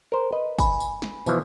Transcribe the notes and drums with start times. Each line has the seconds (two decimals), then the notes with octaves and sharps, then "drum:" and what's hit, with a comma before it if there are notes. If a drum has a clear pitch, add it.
0.12 A#4 C5
0.32 B4 D#5
0.59 G#5 B5, drum: kick, tambourine
0.80 drum: tambourine
1.02 drum: snare
1.26 B2 E3 F3, drum: tambourine